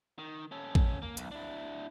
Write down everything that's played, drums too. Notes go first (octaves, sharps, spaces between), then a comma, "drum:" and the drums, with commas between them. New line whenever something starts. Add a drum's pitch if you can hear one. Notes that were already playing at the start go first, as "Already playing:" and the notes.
D#3
C#4 A4
drum: kick
A#3
B1, drum: hi-hat
D4 E4